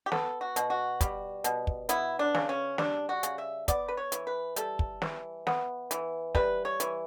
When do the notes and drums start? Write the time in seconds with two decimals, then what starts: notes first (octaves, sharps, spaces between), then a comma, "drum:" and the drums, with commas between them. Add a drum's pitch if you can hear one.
0.06 G4
0.12 B3 A4, drum: snare
0.41 F#4
0.56 B2, drum: hi-hat
0.70 F#4
1.01 G3, drum: kick, hi-hat
1.44 B2, drum: hi-hat
1.67 drum: kick
1.89 B3 E4, drum: hi-hat
2.19 D4
2.35 C#3, drum: snare
2.49 C#4
2.78 G3 D4, drum: snare
3.09 F#4
3.23 C#3, drum: hi-hat
3.38 E5
3.68 B3 D5, drum: kick, hi-hat
3.88 B4
3.97 C#5
4.12 E3, drum: hi-hat
4.27 B4
4.56 G3 A4, drum: hi-hat
4.79 drum: kick
5.02 E3, drum: snare
5.47 B3, drum: snare
5.91 E3, drum: hi-hat
6.35 G3 B4, drum: kick
6.65 C#5
6.80 E3, drum: hi-hat